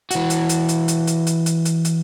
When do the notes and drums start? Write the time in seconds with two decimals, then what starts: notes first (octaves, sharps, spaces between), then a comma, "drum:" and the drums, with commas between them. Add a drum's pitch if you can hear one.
0.11 E3 F#4, drum: hi-hat
0.30 drum: hi-hat
0.49 drum: hi-hat
0.69 drum: hi-hat
0.88 drum: hi-hat
1.07 drum: hi-hat
1.27 drum: hi-hat
1.46 drum: hi-hat
1.65 drum: hi-hat
1.85 drum: hi-hat